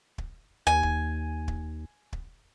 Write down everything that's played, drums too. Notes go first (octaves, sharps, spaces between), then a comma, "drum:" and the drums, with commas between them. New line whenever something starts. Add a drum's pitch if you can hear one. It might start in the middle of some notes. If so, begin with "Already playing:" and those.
drum: kick
D#2 G#5
drum: kick
drum: kick
drum: kick